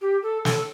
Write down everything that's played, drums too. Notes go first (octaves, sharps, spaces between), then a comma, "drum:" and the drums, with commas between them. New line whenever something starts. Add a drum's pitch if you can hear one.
G4
A4
A4, drum: snare